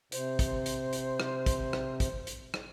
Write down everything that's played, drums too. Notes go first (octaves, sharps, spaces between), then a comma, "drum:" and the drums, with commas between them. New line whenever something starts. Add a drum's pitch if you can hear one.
C3 C5, drum: hi-hat
drum: kick, hi-hat
drum: hi-hat
drum: hi-hat
drum: rim click
drum: kick, hi-hat
drum: rim click
drum: kick, hi-hat
drum: hi-hat
drum: rim click